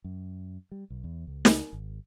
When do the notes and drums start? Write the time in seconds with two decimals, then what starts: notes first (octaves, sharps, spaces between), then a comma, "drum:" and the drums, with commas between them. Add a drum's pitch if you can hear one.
0.04 F#2
0.71 G3
0.90 B1
1.04 E2
1.27 C#2
1.45 drum: snare
1.73 G#1